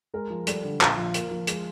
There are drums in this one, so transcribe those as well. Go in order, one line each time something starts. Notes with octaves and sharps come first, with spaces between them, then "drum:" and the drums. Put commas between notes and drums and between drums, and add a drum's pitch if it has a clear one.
G#3 A#4
F3
G3 A4, drum: hi-hat
D3
A#1 F4, drum: clap
F3
A#3, drum: hi-hat
F3
G#3, drum: hi-hat